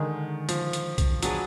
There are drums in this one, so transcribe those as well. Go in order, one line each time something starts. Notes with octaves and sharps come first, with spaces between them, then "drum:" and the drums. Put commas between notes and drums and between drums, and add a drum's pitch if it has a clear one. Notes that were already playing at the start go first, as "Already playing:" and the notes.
Already playing: D3 D#3 G#3 D#4
F3, drum: hi-hat
drum: hi-hat
drum: kick B1, hi-hat
F#3 D4 G#4 B4, drum: hi-hat